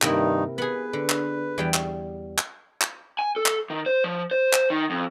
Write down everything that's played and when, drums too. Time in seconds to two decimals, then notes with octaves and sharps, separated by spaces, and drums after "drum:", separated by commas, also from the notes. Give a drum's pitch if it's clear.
0.02 G2 C3 D#3 A#3 D#4 E4, drum: clap
0.58 B3 G#4 B4
0.93 D3
1.09 drum: clap
1.58 E2 G3 G5
1.74 drum: clap
2.38 drum: clap
2.81 drum: clap
3.19 G#5
3.36 A4
3.46 drum: clap
3.70 D#3
3.86 C5
4.04 F3
4.31 C5
4.53 drum: clap
4.70 D#3
4.90 F2